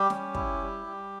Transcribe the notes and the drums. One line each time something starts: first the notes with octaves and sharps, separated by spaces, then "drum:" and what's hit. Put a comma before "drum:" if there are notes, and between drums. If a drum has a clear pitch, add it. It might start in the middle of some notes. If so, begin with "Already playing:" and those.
Already playing: G3 G4
C#4, drum: snare
E4, drum: kick
G3
G3